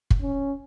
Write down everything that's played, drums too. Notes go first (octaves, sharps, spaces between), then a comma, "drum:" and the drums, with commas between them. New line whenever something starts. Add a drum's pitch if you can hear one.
drum: kick
C#4